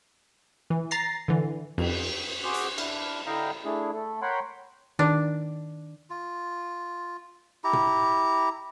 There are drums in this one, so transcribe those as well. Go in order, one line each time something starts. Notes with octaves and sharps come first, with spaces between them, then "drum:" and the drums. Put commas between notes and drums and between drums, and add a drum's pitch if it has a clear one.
E3
A#5 A6 A#6 C7
D3 E3
F2, drum: cymbal
F#4 G#4 C5 D6
drum: hi-hat
D4 E4 F6, drum: cymbal
D3 E4 D#5 F5 G5 A#5
A3 D4 E4 G#4
A3 A4
A#4 C#5 F#5 G5 B5 C6
D#3 D4
F4
E4 G4 A#5
drum: tom